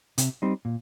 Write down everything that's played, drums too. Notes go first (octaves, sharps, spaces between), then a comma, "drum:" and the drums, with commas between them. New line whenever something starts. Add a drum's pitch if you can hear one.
C3, drum: hi-hat
G3 C4 D#4
A#2